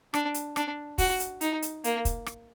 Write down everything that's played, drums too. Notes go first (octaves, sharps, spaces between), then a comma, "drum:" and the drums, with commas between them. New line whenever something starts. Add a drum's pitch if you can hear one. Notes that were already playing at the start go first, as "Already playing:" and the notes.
D4, drum: rim click
drum: hi-hat
D4, drum: rim click
F#4, drum: kick, open hi-hat
drum: hi-hat
D#4, drum: hi-hat
drum: hi-hat
A#3, drum: hi-hat
drum: kick, hi-hat
drum: rim click